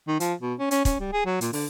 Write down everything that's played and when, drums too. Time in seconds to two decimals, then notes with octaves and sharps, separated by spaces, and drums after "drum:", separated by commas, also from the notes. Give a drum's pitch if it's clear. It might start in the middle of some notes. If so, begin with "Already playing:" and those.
0.08 D#3
0.20 F3, drum: hi-hat
0.42 B2
0.59 C#4
0.71 C#4, drum: hi-hat
0.85 C#4, drum: kick, hi-hat
1.00 G3
1.13 G#4
1.26 F#3
1.41 A#2, drum: hi-hat
1.53 D3, drum: open hi-hat